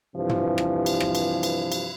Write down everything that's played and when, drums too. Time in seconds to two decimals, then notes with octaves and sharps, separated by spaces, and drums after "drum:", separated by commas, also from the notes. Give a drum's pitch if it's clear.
0.15 G2 C3 E3 F3
0.29 drum: tom
0.58 drum: rim click
0.86 drum: cymbal
1.00 drum: rim click
1.15 drum: cymbal
1.43 drum: cymbal
1.72 drum: cymbal